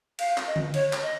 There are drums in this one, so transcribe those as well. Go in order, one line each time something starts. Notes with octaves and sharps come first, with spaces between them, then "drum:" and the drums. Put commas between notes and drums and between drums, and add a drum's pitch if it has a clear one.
F5, drum: cymbal
drum: clap
D#5
drum: tom D3
C#5, drum: cymbal
drum: clap
D#5